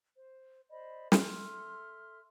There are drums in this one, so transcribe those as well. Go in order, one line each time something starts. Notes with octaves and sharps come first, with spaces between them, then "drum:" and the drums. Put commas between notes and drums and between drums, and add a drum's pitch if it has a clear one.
C5
C5 D5 D#5 B5
A4 E5 C6 F6, drum: snare